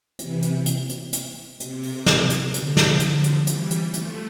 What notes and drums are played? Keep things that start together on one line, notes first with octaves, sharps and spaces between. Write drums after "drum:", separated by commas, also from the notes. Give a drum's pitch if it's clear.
C3 E3, drum: hi-hat
drum: hi-hat
drum: hi-hat
drum: hi-hat
drum: hi-hat
C3, drum: hi-hat
drum: open hi-hat
drum: snare
drum: hi-hat
D3, drum: hi-hat
drum: snare
D3 F3, drum: hi-hat
drum: hi-hat
E3 G3, drum: hi-hat
drum: hi-hat
F3 A3, drum: hi-hat